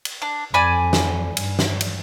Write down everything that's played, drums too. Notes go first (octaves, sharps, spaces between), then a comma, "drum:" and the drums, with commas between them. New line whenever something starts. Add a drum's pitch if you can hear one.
drum: cymbal
D4
F2 D5 G#5 B5
drum: snare
G2, drum: cymbal
drum: snare
drum: cymbal